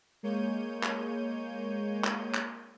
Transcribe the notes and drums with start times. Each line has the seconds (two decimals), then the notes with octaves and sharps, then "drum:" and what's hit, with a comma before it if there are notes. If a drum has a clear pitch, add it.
0.23 G#3 A#3 C#5 G6 D#7
0.83 drum: clap
2.04 drum: clap
2.35 drum: clap